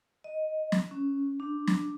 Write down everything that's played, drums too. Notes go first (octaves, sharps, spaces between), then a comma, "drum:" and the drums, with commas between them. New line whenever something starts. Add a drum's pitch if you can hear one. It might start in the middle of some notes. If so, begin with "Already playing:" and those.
D#5
drum: snare
C#4
D4
drum: snare